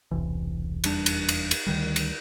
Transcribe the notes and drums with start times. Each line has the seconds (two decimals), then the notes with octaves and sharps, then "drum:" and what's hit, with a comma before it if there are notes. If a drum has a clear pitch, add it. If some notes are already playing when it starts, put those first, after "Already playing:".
0.11 E1 C2 E3
0.84 F1 E2 G3 D4, drum: cymbal
1.06 drum: cymbal
1.29 drum: cymbal
1.51 drum: cymbal
1.67 D2 D#3 G3
1.96 drum: cymbal